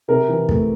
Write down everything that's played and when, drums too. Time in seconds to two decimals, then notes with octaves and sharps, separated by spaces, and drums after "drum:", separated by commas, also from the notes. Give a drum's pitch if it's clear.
0.08 C3 A#4
0.29 E3
0.49 A3, drum: kick